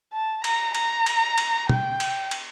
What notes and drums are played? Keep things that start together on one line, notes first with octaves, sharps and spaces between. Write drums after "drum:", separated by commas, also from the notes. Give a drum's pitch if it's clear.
A5
A#5, drum: cymbal
A#5, drum: cymbal
drum: cymbal
drum: cymbal
G5, drum: tom
drum: cymbal
drum: cymbal